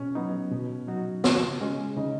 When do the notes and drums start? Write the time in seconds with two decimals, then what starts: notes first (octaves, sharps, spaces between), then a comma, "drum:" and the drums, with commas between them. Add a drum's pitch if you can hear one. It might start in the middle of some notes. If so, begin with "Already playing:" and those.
Already playing: B2 C#4
0.15 F#3 B3 D#4
0.52 B2
0.87 F#3 D#4 F#4
1.24 C#3, drum: snare
1.61 G#3 C#4
1.97 C#3 D#4